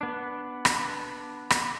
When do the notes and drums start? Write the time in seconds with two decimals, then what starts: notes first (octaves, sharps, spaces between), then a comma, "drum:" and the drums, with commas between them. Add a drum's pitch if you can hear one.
0.01 B3 D4
0.65 drum: rim click
1.50 drum: rim click